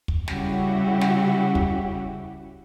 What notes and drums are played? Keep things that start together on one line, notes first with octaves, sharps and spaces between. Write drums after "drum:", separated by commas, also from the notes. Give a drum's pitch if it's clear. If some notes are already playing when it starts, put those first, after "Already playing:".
drum: kick
C#3 G3 C#4 E4 F#4 G4, drum: snare
drum: snare
drum: kick